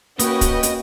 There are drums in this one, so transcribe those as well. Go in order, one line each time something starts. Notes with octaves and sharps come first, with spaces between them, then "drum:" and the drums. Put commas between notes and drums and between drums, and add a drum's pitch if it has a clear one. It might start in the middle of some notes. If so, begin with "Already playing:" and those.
A#3 C#4 F#4 B4 D#5 G5, drum: hi-hat
drum: kick, hi-hat
drum: hi-hat